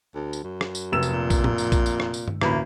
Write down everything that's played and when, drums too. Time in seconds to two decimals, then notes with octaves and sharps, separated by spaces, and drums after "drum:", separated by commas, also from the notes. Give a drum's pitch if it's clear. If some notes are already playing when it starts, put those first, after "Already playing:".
0.15 D2
0.33 drum: tambourine
0.44 F#2
0.61 drum: rim click
0.75 drum: tambourine
0.92 F1 E6 E7
1.03 drum: tambourine
1.13 A#2
1.30 drum: kick A#1, tambourine
1.44 drum: tom A2
1.58 drum: tambourine
1.72 drum: kick A#1, tambourine
1.86 drum: tambourine
2.00 drum: rim click
2.14 drum: tambourine
2.28 drum: tom G2
2.41 A1 D2 A#3 B5, drum: rim click